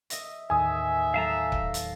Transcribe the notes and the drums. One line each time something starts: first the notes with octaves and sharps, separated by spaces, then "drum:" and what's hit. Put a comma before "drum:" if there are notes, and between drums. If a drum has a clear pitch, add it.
D#5 E5 A#6, drum: hi-hat
D#2 A2 E5 G#5 D#6
F#3 A3 F5 A5 A#5
drum: kick C#1
drum: hi-hat